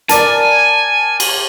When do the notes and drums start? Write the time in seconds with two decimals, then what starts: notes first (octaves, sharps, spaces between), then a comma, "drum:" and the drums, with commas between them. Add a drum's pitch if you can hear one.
0.09 A#4 D5 G#5 A5, drum: hi-hat
1.20 drum: cymbal